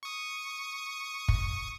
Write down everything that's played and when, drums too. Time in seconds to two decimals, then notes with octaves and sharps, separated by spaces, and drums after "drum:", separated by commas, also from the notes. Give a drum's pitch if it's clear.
0.03 C#6 D#6
1.28 drum: kick